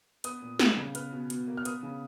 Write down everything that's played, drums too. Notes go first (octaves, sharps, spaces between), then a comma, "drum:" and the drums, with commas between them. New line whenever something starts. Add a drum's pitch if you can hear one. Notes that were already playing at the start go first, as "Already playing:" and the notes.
B3 D#6, drum: hi-hat
A#2
B3, drum: snare
C#3
B3 F6, drum: hi-hat
B2
B2, drum: hi-hat
A#3
F6
B3 D#6, drum: hi-hat
C#3